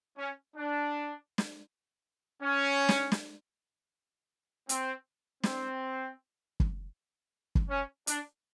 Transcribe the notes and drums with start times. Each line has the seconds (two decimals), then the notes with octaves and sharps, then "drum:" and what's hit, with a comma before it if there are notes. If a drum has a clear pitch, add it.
0.18 C#4
0.56 D4
1.38 drum: snare
2.43 C#4
2.89 drum: snare
3.12 drum: snare
4.69 C4, drum: hi-hat
5.43 C4, drum: snare
6.60 drum: kick
7.55 drum: kick
7.70 C#4
8.07 D4, drum: hi-hat